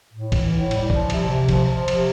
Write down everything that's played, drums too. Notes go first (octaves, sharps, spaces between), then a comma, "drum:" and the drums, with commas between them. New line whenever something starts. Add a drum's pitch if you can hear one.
A2
E3, drum: kick, cymbal
A2
G3, drum: cymbal
F3, drum: kick
C3, drum: cymbal
C3
F3, drum: kick, cymbal
F3
C3, drum: cymbal